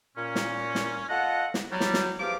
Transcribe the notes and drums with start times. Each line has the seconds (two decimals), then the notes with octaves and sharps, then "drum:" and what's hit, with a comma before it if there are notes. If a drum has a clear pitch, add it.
0.17 A#2 C#4
0.35 drum: snare
0.75 drum: snare
1.09 F4 A4 D#5 F#5
1.54 drum: snare
1.71 F#3 G3
1.80 drum: snare
1.94 drum: snare
2.20 E2 F3 G4 F5 D6